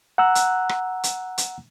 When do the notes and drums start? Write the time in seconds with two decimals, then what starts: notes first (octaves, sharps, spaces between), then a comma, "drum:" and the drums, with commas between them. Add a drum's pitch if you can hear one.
0.18 F#5 A#5 E6 F#6
0.35 drum: hi-hat
0.69 drum: rim click
1.04 drum: hi-hat
1.38 drum: hi-hat